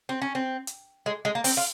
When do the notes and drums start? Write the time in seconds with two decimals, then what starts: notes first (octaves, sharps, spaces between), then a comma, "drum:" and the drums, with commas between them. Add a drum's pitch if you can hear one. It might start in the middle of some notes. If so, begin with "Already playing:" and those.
0.09 C4
0.22 C#4
0.35 C4
0.67 drum: hi-hat
1.06 G#3
1.25 G#3
1.35 A#3
1.44 C4, drum: open hi-hat
1.57 F4